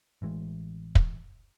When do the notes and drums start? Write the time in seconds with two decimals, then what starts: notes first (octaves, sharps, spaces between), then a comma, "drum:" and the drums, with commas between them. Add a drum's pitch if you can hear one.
0.22 A1 E3 G#3
0.95 drum: kick